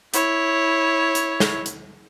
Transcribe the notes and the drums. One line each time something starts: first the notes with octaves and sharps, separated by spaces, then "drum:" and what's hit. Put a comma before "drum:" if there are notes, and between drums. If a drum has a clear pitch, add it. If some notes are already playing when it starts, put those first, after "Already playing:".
E4 C#5, drum: hi-hat
drum: hi-hat
drum: snare
drum: hi-hat